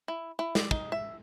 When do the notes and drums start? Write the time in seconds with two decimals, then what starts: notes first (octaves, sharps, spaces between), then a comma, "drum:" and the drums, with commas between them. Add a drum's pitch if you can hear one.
0.08 E4
0.39 E4
0.55 D5, drum: snare
0.71 D#4, drum: kick
0.92 E5